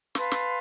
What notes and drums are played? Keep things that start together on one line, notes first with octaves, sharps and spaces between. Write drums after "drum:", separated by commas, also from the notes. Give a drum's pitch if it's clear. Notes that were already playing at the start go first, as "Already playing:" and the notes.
B4 F5 A5 C6, drum: snare
drum: snare